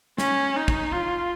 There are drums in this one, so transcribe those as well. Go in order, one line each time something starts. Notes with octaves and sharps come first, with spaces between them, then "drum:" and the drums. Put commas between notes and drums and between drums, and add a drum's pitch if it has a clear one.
C#4, drum: snare
D#4
drum: kick
F4